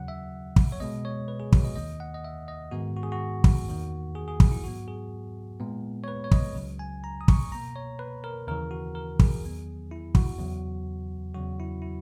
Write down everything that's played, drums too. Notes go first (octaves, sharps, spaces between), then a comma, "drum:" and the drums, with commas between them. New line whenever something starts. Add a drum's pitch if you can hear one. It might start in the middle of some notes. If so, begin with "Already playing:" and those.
Already playing: D#2 C#3 F#3 F#5
E5
drum: kick
C#5
B2 G#3 B3 D#5
C#5
B4
G#4
F#4, drum: kick
D#5
D#2 D#3 A#3 D#5
F#5
D#5
E5
D#5
G#2 D#3 G#3 B3 F#4
F#4
G#4
F#4
drum: kick
E2 D#3 A#3
G#4
G#4
drum: kick
E4
G#2 F#3 B3 F#4
G#4
A#2 G#3 B3
C#5
B4
C#5
D#5, drum: kick
C#2 C#3 F#3
G#5
A#5
D#6
C#6, drum: kick
B2 A#3 A#5
C#5
B4
A#4
D#2 C#3 E3 A#4
F#4
A#4
G#4, drum: kick
E2 D#3 F#3 B3
E4
F#4, drum: kick
E2 C#3 F#3
E2 C#3 F#3 F#4
E4
E4